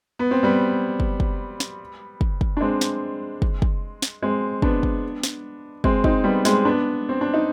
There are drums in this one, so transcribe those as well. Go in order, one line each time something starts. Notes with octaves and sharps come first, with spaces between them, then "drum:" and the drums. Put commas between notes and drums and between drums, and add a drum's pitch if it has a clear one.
B3
C4
G3 B3
drum: kick
drum: kick
drum: snare
drum: kick
drum: kick
D4
G#3 C4
drum: snare
drum: kick
drum: kick
drum: snare
G#3 C4
B3 D4, drum: kick
drum: kick
drum: snare
G#3 C4, drum: kick
C4 D#4, drum: kick
G3 B3
G#3 C4, drum: snare
B3 D4
C4
D4
D#4